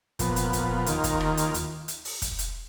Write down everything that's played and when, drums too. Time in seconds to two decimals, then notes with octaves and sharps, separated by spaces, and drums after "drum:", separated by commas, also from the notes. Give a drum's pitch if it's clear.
0.19 A#2 F3 B3, drum: kick, hi-hat
0.36 drum: hi-hat
0.53 drum: kick, hi-hat
0.86 D#2 D#3 A#3 F4, drum: hi-hat
1.04 drum: kick, hi-hat
1.21 drum: rim click
1.37 drum: hi-hat
1.54 drum: hi-hat
1.88 drum: hi-hat
2.05 drum: open hi-hat
2.22 drum: kick, hi-hat
2.39 drum: hi-hat